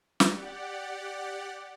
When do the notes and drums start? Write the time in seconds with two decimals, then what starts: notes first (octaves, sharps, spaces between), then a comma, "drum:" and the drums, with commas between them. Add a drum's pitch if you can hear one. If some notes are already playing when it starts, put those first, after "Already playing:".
0.20 G4 D5 F#5, drum: snare